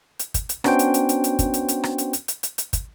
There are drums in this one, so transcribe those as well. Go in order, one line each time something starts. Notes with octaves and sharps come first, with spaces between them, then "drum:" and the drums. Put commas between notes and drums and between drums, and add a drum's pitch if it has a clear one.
drum: hi-hat
drum: kick, hi-hat
drum: hi-hat
B3 C#4 D4 F#4 C5 G5, drum: rim click
drum: hi-hat
drum: hi-hat
drum: hi-hat
drum: hi-hat
drum: kick, hi-hat
drum: hi-hat
drum: hi-hat
drum: rim click
drum: hi-hat
drum: hi-hat
drum: hi-hat
drum: hi-hat
drum: hi-hat
drum: kick, hi-hat